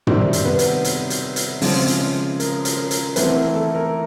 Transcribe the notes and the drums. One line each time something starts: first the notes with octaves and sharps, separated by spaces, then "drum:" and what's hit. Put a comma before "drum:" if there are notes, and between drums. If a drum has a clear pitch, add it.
C3 D#3 G3 C4 C5, drum: tom
drum: hi-hat
B3 B4
drum: hi-hat
drum: hi-hat
drum: hi-hat
drum: hi-hat
C#3 F3 G#3 C4 F4, drum: open hi-hat
drum: hi-hat
A#4, drum: hi-hat
drum: hi-hat
A#4
drum: hi-hat
E3 A3 B3 C4 E4 B4, drum: hi-hat
A#4
A4
A#4